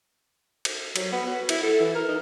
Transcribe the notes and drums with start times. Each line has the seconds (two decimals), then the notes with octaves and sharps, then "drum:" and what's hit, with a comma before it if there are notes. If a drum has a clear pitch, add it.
0.65 drum: cymbal
0.96 F#3, drum: cymbal
1.12 B3
1.27 F#4
1.49 E4, drum: cymbal
1.63 A4
1.80 E3
1.95 A#4
2.09 D#4